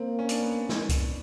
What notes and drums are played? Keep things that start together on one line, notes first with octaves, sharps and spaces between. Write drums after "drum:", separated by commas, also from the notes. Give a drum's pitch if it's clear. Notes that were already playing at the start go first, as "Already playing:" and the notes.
Already playing: A#3 C4
C#4
D4, drum: hi-hat
B3
drum: snare
drum: kick C2, hi-hat